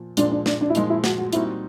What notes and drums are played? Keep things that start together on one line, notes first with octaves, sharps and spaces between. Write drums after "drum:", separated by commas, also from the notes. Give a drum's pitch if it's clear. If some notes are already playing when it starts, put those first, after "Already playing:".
Already playing: A#2 F3
A#2 F3 G#3 D4, drum: hi-hat
D4
D4, drum: snare
D4
E4
A#2 F3 G#3 D#4, drum: hi-hat
E4
F#4, drum: snare
F#4
A#2 G3 C4 D#4 E4 F#4, drum: hi-hat